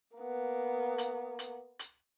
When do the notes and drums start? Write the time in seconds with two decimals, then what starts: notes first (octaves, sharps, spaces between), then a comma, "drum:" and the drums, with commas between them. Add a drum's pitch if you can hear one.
0.17 A#3 B3
0.98 drum: hi-hat
1.39 drum: hi-hat
1.79 drum: hi-hat